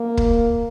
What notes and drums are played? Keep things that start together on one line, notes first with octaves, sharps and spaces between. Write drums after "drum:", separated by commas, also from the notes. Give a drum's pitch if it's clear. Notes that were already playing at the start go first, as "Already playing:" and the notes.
Already playing: A#3
drum: kick